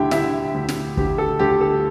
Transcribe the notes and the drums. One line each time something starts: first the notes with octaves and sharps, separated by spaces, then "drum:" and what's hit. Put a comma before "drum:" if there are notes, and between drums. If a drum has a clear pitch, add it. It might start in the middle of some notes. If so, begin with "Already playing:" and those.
Already playing: D2 D3 E4 G4 G5
D3 E4 E5, drum: snare
D2
drum: snare
D2 G4, drum: kick
A4
D2 G4
A4